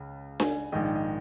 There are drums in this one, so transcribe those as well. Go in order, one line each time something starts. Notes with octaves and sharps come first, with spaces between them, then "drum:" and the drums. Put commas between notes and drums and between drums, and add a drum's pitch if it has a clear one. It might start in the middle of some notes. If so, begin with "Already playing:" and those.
Already playing: C#2 C#3
G#5, drum: snare D4
A#1 G#2 D#3 D#5
D#5
D#5